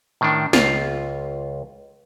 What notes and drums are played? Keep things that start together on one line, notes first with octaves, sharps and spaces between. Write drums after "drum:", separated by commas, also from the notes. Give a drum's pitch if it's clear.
A2 D#3 D4
C#2 F4 F5, drum: snare